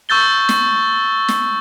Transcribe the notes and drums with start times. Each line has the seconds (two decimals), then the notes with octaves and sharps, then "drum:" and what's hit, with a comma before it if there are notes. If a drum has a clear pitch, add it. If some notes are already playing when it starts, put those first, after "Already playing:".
0.09 C#6 E6 G6 A6 G7
0.49 drum: snare
1.28 drum: snare